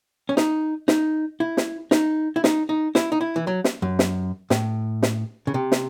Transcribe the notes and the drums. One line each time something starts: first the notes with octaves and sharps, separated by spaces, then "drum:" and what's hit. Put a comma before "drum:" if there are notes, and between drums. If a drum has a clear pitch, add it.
C#4
D#4, drum: snare
D#4, drum: snare
E4
drum: snare
D#4, drum: snare
E4
D#4, drum: snare
D#4
E4, drum: snare
D#4
E4
E3
F#3
drum: snare
F#2
drum: snare
A2, drum: snare
drum: snare
C#3
C3
drum: snare